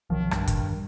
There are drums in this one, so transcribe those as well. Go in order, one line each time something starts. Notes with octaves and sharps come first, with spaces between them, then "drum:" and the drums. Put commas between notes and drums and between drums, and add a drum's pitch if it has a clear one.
B1 D#3 F3
G2, drum: rim click
drum: kick, hi-hat